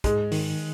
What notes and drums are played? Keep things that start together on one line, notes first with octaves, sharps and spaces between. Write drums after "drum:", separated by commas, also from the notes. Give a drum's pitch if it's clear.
G#2 G#3, drum: kick, hi-hat
D#3, drum: open hi-hat